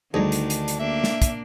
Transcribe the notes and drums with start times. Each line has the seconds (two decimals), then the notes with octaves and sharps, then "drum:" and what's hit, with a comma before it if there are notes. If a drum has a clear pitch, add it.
0.14 D2 D#3 G3 D4 D#4 G#4
0.32 drum: hi-hat
0.50 drum: hi-hat
0.68 drum: hi-hat
0.79 A#3 D4 E5
1.04 drum: snare
1.22 drum: kick, hi-hat